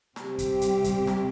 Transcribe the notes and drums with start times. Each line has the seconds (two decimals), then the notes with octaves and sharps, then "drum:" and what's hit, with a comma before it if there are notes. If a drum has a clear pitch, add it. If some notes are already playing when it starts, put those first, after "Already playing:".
0.16 C3 G3 C4 G4, drum: snare
0.38 drum: kick, hi-hat
0.61 drum: hi-hat
0.84 drum: kick, hi-hat
1.07 drum: snare